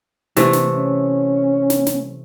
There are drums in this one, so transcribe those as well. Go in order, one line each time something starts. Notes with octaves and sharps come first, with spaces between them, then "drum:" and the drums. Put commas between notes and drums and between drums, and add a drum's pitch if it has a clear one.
C3 E3 A3, drum: snare
drum: snare
C#4
drum: snare
drum: snare